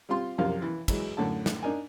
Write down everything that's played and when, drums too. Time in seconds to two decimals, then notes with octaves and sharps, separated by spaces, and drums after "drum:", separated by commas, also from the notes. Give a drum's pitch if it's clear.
0.09 G3 C4 F4 C6
0.38 C2 F#2 C3 F3 A#4 F5
0.62 E3
0.88 E3 F#3 G#3, drum: kick, cymbal
1.17 F#2 A2 D3 A5
1.46 drum: snare
1.63 D4 D#4 A#4 G#5